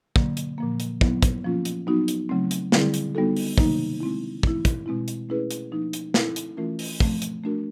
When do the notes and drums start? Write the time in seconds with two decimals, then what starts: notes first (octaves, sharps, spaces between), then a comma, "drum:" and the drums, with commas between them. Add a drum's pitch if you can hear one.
0.16 D3 F#3 A#3, drum: kick
0.37 drum: hi-hat
0.58 A#2 F3 A#3
0.80 drum: hi-hat
1.01 F#3 B3 E4, drum: kick
1.22 drum: kick, hi-hat
1.44 F3 A#3 C#4 F4
1.65 drum: hi-hat
1.87 F#3 B3 D#4 F#4
2.08 drum: hi-hat
2.29 C#3 F#3 A3 C4
2.51 drum: hi-hat
2.72 D3 G3 C4 E4 G#4, drum: snare
2.94 drum: hi-hat
3.15 G3 B3 D#4 F#4 A4
3.37 drum: open hi-hat
3.58 C3 D#3 F#3 A#3 D#4, drum: kick
4.00 G#3 C4 E4
4.43 E3 A3 C4 E4, drum: kick
4.65 drum: kick, hi-hat
4.86 B2 G#3 C4 E4
5.08 drum: hi-hat
5.29 A3 C#4 E4 G#4 B4
5.51 drum: hi-hat
5.72 F3 A#3 D#4
5.93 drum: hi-hat
6.14 A3 C4 E4 A4, drum: snare
6.36 drum: hi-hat
6.57 E3 A3 C#4 F4 A#4
6.79 drum: open hi-hat
7.00 F3 A3 C4, drum: kick
7.22 drum: hi-hat
7.44 A3 D4 F#4 A#4